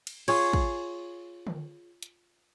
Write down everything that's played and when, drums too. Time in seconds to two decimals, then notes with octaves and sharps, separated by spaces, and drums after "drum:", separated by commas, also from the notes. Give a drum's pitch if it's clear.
0.07 drum: cymbal
0.28 F4 G#4 C#5, drum: cymbal
0.53 drum: kick
1.47 drum: tom D3
2.03 drum: hi-hat